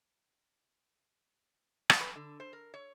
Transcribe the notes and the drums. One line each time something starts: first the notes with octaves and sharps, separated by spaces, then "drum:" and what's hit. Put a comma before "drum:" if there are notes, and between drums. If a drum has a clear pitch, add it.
drum: rim click
B4
D3
C5
A#4
C#5